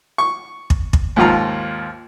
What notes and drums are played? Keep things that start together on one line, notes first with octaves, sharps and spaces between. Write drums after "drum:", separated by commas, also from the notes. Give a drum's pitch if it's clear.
C#6
drum: kick
drum: kick
D#2 G#2 F3 F4 A#5